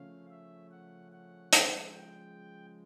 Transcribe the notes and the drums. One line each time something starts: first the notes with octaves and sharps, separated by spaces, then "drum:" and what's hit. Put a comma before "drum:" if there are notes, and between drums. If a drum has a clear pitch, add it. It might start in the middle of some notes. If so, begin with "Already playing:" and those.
Already playing: C#3 F3 A3 C#4 F5
E5
F#5
F#5
C#3 F3 G#3, drum: hi-hat
G5